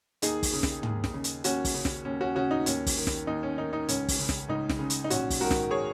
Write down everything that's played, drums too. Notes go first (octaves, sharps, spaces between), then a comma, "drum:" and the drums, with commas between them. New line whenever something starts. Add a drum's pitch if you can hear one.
D#2 D#4 G#4, drum: hi-hat
drum: kick, open hi-hat
C#3
drum: snare
D#2, drum: tom
drum: snare
C#3
drum: hi-hat
D#2 C#4 F#4, drum: hi-hat
drum: kick, open hi-hat
C#3
drum: snare
D#2 C#4
C#4 F#4
C#3 C#4 F#4
D#4
D#2 C#4, drum: hi-hat
drum: kick, open hi-hat
D#3
drum: snare
D#2 D#4
C#4
D#3 D#4
D#4
C#2 C#4, drum: hi-hat
drum: kick, open hi-hat
C#3
drum: snare
C#2 D#4
drum: snare
C#3
drum: hi-hat
D#4
A#1 C#4 F#4, drum: hi-hat
drum: kick, open hi-hat
G#2 D#3 F#4 A#4
drum: snare
G#4 C#5